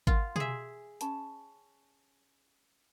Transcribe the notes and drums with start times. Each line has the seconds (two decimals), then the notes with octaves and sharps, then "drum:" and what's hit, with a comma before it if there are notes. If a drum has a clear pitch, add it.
0.07 F4 A#4 F#5, drum: kick G#1
0.36 G#4 E5, drum: tom B2
1.01 C#4 A5 B5, drum: hi-hat